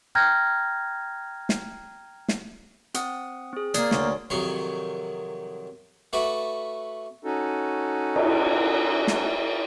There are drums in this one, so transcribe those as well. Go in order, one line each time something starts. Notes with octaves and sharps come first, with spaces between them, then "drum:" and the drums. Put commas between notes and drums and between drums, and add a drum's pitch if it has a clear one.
G5 A#5 F6 G6 G#6 A#6
drum: snare
drum: snare
C4 F#5 D#6, drum: hi-hat
C4 G#4
A#3 G#4 D5, drum: hi-hat
D2 C#5, drum: snare
C2 F2 D#3 F#3 C#5 C6
A3 F#4 B4 D5 E5
C#4 D#4 F#4 A4
drum: cymbal
drum: snare